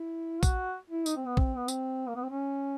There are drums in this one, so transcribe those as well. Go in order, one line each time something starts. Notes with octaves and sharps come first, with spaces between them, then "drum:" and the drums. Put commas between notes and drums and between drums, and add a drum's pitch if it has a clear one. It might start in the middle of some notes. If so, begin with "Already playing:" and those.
Already playing: E4
F#4, drum: kick A#1, tambourine
E4
D#4, drum: tambourine
C4
B3
C4, drum: kick A#1
B3
C4, drum: tambourine
A#3
B3
C4
C#4